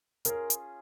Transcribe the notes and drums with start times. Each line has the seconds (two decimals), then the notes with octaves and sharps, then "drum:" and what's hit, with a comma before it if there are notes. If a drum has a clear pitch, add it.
0.25 C#4 F4 G#4 A#4, drum: hi-hat
0.50 drum: hi-hat